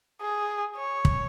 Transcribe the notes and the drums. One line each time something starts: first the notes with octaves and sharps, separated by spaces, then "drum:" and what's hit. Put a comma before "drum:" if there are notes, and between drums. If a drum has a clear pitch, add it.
G#4
C#5
drum: kick